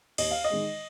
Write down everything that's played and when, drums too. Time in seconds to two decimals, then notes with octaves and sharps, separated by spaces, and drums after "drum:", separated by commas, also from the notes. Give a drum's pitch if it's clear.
0.18 D#2 D#5, drum: cymbal
0.31 F5
0.44 D#5
0.50 D#3 G#3